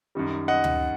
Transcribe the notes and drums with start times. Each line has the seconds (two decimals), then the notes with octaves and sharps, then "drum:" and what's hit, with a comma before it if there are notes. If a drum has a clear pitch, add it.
0.15 F#2 D#3 G3
0.48 D#5 F#5
0.64 drum: tom D2